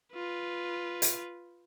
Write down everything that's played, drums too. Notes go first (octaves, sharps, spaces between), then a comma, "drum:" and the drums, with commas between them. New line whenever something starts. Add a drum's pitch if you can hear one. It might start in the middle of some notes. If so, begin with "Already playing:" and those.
F4 B4
drum: hi-hat